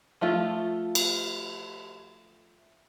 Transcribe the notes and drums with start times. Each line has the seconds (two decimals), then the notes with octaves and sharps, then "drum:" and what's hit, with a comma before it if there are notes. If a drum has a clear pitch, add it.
0.21 F3 A3 F4
0.95 drum: cymbal